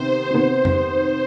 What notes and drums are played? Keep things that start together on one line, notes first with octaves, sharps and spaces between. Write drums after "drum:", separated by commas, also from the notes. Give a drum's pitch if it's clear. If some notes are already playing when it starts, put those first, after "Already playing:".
Already playing: C3 D#3 B3 C5
C3 D#3 B3
drum: tom F2